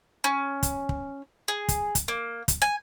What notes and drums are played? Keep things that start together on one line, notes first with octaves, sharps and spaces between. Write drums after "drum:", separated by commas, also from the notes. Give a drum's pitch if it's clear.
C#4
drum: kick, hi-hat
drum: kick
G#4
drum: kick, hi-hat
drum: kick, hi-hat
A#3
drum: kick, hi-hat
G#5